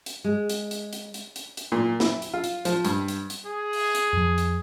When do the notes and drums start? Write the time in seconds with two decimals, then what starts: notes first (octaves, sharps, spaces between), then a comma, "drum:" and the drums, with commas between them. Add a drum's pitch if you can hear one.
0.06 drum: hi-hat
0.24 G#3
0.49 drum: hi-hat
0.71 drum: hi-hat
0.93 drum: hi-hat
1.14 drum: hi-hat
1.36 drum: hi-hat
1.57 drum: hi-hat
1.72 A#2
2.00 E4, drum: snare
2.22 drum: hi-hat
2.34 F4
2.44 drum: hi-hat
2.65 F3, drum: hi-hat
2.85 G2, drum: hi-hat
3.08 drum: hi-hat
3.30 drum: hi-hat
3.47 G#4
3.73 drum: open hi-hat
3.95 drum: hi-hat
4.13 F2 F3
4.38 drum: hi-hat